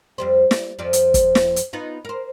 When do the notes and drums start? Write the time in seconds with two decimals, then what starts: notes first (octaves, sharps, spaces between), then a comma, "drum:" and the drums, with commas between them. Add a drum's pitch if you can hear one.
0.18 F2 G3 C5
0.51 D5, drum: snare
0.79 F2 F3 D5
0.93 drum: hi-hat
1.14 drum: kick, hi-hat
1.35 drum: snare
1.56 drum: hi-hat
1.73 B3 D#4 F4
2.05 A#4 C5